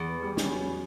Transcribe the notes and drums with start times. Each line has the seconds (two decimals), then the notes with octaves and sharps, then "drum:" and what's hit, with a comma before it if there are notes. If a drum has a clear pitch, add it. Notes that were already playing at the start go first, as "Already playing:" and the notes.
Already playing: E2
0.08 B3
0.22 G3
0.37 C#4, drum: snare
0.51 F#3